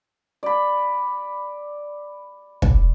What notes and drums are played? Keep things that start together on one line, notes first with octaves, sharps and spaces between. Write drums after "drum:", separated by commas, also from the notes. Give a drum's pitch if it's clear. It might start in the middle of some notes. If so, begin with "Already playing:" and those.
D5 B5
drum: kick